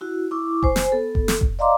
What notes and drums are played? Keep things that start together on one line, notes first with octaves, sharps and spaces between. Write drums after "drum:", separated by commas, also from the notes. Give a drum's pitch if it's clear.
E4 F#4
E4 C#6 D6
C5 G#5, drum: kick F1
drum: snare
B3 A4
drum: kick F1
drum: snare
drum: kick F1
D5 D#5 F5 A#5 C6 D6